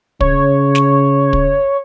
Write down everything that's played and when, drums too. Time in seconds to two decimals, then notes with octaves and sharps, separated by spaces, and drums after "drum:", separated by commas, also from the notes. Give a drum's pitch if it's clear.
0.21 C#3 C#5, drum: kick
0.75 drum: snare
1.33 drum: kick